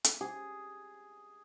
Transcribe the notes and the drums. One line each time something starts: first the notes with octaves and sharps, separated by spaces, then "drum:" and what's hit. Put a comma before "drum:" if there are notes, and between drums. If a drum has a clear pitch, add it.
drum: hi-hat
G#4